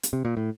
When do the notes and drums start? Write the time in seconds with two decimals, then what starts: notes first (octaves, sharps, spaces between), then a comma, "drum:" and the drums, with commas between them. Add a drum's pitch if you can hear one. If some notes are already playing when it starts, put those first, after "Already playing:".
0.03 drum: hi-hat
0.13 C3
0.25 A#2
0.37 A2